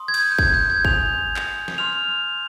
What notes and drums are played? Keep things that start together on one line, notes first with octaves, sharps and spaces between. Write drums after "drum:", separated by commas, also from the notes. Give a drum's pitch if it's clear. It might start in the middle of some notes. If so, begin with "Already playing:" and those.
Already playing: C6 D#6
G#6
G6, drum: cymbal
G6
G#6, drum: kick
G6
G#6
G#5 C6 D#6 G6 F7, drum: kick
drum: clap
drum: snare
C6 F6 F7